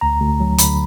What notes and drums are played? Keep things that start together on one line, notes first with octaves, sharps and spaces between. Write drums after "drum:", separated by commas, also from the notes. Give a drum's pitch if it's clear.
D2 A#5
D2
F#3
D3 B5, drum: hi-hat